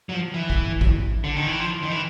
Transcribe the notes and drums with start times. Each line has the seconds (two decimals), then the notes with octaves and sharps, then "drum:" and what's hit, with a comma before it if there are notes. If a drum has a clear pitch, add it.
0.09 F#3
0.14 F3
0.34 E3
0.50 drum: kick
0.81 drum: kick
1.24 D3
1.37 D#3
1.47 E3
1.60 F3
1.83 D#3
1.91 E3